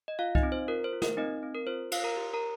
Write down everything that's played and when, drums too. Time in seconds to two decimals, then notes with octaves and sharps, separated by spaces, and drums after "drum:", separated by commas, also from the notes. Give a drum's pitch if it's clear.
0.08 D#5
0.19 F4 F5
0.35 D#4 D#5, drum: kick C2
0.43 C4
0.52 C5
0.68 F4 A#4
0.84 C5
0.93 F4
1.02 A#4, drum: snare
1.17 C4 D#4 D#5
1.43 C4
1.55 A#4
1.67 F4 C5
1.92 F4 F5, drum: cymbal
2.04 A#4 A#5
2.17 G4
2.34 A#4 A#5